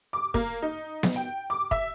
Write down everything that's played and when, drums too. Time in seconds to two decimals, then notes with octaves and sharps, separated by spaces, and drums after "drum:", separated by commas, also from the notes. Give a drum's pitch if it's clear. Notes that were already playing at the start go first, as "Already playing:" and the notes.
0.13 D6
0.34 A#3, drum: kick
0.62 D#4
1.03 drum: snare B3
1.16 G5
1.50 D6
1.71 E5, drum: kick